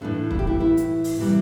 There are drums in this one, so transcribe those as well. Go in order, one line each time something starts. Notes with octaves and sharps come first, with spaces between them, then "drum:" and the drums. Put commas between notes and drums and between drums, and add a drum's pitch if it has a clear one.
A2 E3 A3 D4
E4, drum: kick
G4
E4
E4
drum: hi-hat
drum: open hi-hat
C3 E3 G3